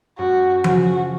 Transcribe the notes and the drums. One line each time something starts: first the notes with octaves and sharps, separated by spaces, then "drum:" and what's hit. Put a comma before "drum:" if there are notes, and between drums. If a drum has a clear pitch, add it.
F#2 F#4
C#3 F3 F#4, drum: tom F3